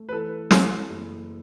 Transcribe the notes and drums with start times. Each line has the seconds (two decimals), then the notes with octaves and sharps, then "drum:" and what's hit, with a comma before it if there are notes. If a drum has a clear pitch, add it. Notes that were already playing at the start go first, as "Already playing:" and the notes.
Already playing: A3
0.09 B4
0.12 E3 A4
0.51 E3, drum: snare
0.89 F#1